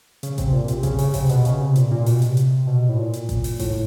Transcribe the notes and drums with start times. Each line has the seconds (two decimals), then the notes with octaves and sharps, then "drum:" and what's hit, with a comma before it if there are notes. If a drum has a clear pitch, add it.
0.23 C#3, drum: hi-hat
0.38 C3, drum: kick A1, hi-hat
0.52 A#2
0.68 C3, drum: hi-hat
0.83 C#3, drum: kick A1, hi-hat
0.99 C#3, drum: open hi-hat
1.14 C3, drum: kick A1, open hi-hat
1.29 B2, drum: hi-hat
1.45 C#3, drum: hi-hat
1.61 C3
1.76 A#2, drum: hi-hat
1.91 A#2
2.06 B2, drum: open hi-hat
2.22 C3, drum: hi-hat
2.37 drum: hi-hat
2.67 B2
2.89 A2
2.98 A#2
3.13 drum: hi-hat
3.29 drum: kick A1, hi-hat
3.44 drum: open hi-hat
3.59 A2, drum: kick A1, open hi-hat